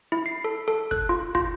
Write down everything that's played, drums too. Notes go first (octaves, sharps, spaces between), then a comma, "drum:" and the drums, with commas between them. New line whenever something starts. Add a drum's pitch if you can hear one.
E4
C7
A4
A4
F#6, drum: kick
F4
F4, drum: kick